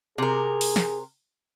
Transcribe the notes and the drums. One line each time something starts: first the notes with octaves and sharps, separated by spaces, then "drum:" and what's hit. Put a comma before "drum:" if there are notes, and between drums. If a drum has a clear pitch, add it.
C3 G#4 A#4
drum: open hi-hat
drum: snare